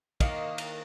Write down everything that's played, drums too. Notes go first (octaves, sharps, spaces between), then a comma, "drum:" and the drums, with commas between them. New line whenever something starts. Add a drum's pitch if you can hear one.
D#3 A#3 D#5, drum: kick, cymbal
drum: cymbal